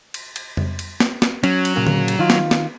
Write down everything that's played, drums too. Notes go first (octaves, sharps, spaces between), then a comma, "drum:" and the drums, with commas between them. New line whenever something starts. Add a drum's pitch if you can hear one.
drum: cymbal
drum: cymbal
drum: tom F2
drum: cymbal
drum: snare
drum: snare
F#3 C#4, drum: cymbal
drum: cymbal
A#2 C#3 A#3
drum: tom D3
drum: cymbal
D#3 F4
drum: snare
drum: snare